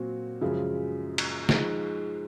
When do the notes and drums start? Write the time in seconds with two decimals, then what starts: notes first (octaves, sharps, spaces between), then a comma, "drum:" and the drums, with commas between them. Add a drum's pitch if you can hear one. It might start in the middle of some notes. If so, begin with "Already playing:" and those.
Already playing: A#2 F#3 C4 F#4
0.41 F#2 C#3 F3 G#3
1.18 drum: cymbal
1.49 F3 G#3 D#4, drum: snare